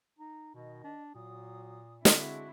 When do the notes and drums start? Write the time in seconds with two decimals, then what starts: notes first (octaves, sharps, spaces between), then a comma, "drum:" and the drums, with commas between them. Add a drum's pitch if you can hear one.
0.19 D#4
0.54 B2 D#3 D#5
0.84 D4
1.15 A#2 F#3 D#6
2.05 D3 G#3 C4 E4 F#4, drum: snare